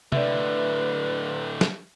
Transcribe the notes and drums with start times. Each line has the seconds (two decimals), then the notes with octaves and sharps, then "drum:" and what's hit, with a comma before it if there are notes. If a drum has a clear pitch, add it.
0.12 A2 D3 B4 D5 E5, drum: tom C3
1.61 drum: snare